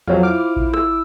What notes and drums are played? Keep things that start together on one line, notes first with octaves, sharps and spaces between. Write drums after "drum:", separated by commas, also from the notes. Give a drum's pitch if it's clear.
F2 F#3 F4 C5
E4 D6 F6
drum: kick A1
E6, drum: rim click